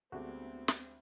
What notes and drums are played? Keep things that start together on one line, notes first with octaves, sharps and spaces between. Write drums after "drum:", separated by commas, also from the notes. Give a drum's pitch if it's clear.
D2 G#3 A3 B3 C4 D4 F#4 G4
drum: snare